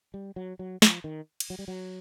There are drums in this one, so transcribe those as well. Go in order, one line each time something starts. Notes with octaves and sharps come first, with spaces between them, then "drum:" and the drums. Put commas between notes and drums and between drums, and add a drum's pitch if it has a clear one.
G3
F#3
F#3
F3, drum: snare
D#3
drum: cymbal
F#3
G3
F#3